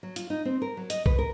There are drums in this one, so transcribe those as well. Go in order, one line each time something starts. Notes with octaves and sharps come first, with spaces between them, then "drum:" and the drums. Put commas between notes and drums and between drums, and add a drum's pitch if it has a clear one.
F#3
F4, drum: hi-hat
D#4
C4
A#4
F#3
D#5, drum: hi-hat
B4, drum: kick B1
A#4